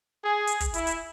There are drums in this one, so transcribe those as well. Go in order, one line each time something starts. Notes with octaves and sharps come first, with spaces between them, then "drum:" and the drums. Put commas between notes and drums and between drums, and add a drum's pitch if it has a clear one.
G#4
drum: hi-hat
drum: kick, hi-hat
E4, drum: hi-hat
drum: hi-hat